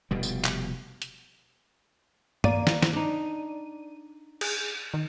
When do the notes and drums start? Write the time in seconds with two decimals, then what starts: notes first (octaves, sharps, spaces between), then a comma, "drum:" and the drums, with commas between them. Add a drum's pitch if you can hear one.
0.11 F1 B2 G3
0.23 drum: tambourine
0.45 drum: clap
1.02 drum: hi-hat
2.44 A#3 D5 D#7, drum: tom G2
2.67 drum: snare
2.83 drum: snare
2.93 D4 D#4
4.41 G#4, drum: cymbal
4.94 D#3